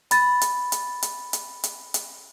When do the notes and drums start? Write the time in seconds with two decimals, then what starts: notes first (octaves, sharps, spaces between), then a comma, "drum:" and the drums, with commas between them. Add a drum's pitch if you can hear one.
0.11 B5 A6, drum: hi-hat
0.41 drum: hi-hat
0.72 drum: hi-hat
1.03 drum: hi-hat
1.33 drum: hi-hat
1.64 drum: hi-hat
1.94 drum: hi-hat